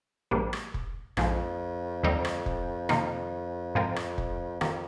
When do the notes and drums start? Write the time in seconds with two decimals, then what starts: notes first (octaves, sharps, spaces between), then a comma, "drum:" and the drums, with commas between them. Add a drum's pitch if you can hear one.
0.31 A#1 G#2 G3 A#3 D4
0.53 drum: rim click
0.74 drum: kick
1.17 A#1 F2 G#2 F3, drum: rim click
2.03 D#2 D3 G3 C4 D#4
2.25 drum: rim click
2.46 drum: kick
2.89 C3 D#3 A#3 D#4 A#4, drum: rim click
3.75 G#2 F3 C4 F4 A#4
3.96 drum: rim click
4.18 drum: kick
4.61 F2 D#3 G3 A#3, drum: rim click